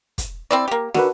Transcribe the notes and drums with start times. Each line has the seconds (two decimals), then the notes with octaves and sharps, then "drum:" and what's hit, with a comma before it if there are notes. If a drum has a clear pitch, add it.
0.18 drum: kick, hi-hat
0.51 C4 E4 D5
0.68 A#3 G4
0.94 D3 F#4 A#4 B4, drum: snare